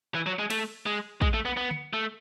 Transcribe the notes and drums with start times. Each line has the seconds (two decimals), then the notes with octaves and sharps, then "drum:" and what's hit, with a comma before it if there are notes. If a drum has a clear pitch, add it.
0.15 E3
0.26 F#3
0.39 G#3
0.50 A3, drum: cymbal
0.86 G#3
1.22 G#3, drum: kick
1.34 A3
1.45 B3
1.57 B3
1.71 drum: tom
1.93 A3